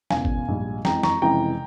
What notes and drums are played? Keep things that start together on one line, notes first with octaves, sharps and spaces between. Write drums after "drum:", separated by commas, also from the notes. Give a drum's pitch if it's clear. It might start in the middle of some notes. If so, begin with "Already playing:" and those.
E1 E2 C#3 F5 G#5, drum: snare
drum: kick
A#1 G#2 G3
F2 E3 G#3 G5 A#5, drum: snare
A#5 C#6, drum: snare
F1 F2 C#3 E3 G#3 G5 A#5